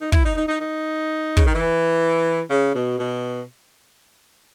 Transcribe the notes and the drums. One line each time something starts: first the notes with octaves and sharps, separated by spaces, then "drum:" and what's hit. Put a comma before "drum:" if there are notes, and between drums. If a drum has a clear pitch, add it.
D#4
E4, drum: kick
D#4
D#4
D#4
D#4
C#3, drum: kick
D#3
E3
C#3
B2
B2